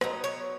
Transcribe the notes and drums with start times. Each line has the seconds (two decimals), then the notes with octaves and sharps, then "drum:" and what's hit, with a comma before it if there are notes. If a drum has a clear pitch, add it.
0.01 F#3 B3 D#4, drum: rim click
0.24 C#5